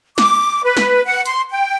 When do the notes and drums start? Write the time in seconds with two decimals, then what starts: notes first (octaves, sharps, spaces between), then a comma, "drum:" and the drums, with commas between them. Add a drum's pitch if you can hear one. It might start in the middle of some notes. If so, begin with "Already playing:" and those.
0.18 D6, drum: snare
0.64 B4
0.77 drum: snare
1.06 F#5
1.26 C6, drum: hi-hat
1.50 G5